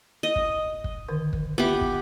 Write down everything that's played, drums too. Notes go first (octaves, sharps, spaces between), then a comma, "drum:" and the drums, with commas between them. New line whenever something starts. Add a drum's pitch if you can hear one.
D#5
drum: kick
drum: kick
D3 D#3 A#4
drum: kick
B3 F4 G4 B4 E5
drum: kick